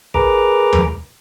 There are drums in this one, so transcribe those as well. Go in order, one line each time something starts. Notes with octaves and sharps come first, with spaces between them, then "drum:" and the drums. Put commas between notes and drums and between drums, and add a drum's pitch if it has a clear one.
G#4 A#4 B4 A#5 D6, drum: kick
drum: tom